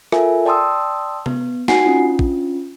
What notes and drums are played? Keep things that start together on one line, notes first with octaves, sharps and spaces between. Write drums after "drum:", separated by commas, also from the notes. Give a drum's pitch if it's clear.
F4 A4 A#4 E5 G#5, drum: rim click
D5 G5 A5 C6 D#6 E6
B3, drum: tom C3
D#4 F#4 F#5 G#5 C7, drum: snare
C#4 D4 F4
drum: kick